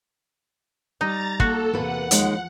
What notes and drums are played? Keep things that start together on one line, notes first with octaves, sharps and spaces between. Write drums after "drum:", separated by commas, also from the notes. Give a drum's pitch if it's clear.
G3 D#4 A#5 A6
A#3 F#4 A4, drum: kick
E2 C3 A#3 B4 F#5
D#2 F3 G#3 D#4, drum: hi-hat